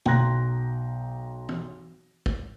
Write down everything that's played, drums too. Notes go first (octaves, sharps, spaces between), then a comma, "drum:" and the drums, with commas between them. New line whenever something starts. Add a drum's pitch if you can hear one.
B1 G5 A#5 C6 F#6 A#6, drum: tom
drum: tom
drum: kick